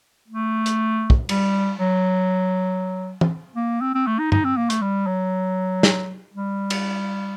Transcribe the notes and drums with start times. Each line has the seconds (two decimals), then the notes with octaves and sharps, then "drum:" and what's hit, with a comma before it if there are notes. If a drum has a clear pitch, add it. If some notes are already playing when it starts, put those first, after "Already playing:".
0.28 A3
0.66 drum: hi-hat
1.10 drum: kick
1.29 G3, drum: cymbal
1.79 F#3
3.21 drum: tom
3.56 A#3
3.81 C4
3.95 C4
4.07 A3
4.19 D#4
4.32 D#4, drum: tom G2
4.44 C4
4.57 A#3
4.70 A3, drum: hi-hat
4.82 G3
5.07 F#3
5.83 drum: snare
6.34 G3
6.70 drum: cymbal